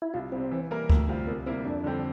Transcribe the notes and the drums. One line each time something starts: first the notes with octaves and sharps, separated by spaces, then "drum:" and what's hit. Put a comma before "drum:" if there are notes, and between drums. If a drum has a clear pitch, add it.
E4
C2 F4
C3 G3 C4
E3
G3 A#3 E4 A#4
D2, drum: kick C#2
C3 G3 C4 F4
C2 A#3
C3 G3 A#3 C4 E4
F2 D4
D3 G3 C4 G4